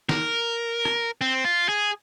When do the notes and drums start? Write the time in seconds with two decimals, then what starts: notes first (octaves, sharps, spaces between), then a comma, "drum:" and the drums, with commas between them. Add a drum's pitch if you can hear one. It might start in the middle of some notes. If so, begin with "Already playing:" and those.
0.09 A#4, drum: snare
0.85 drum: rim click
1.21 C4
1.45 F4
1.69 G#4